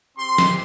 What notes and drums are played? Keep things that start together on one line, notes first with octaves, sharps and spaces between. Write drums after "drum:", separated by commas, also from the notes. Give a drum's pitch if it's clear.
C4 G4 C6
drum: snare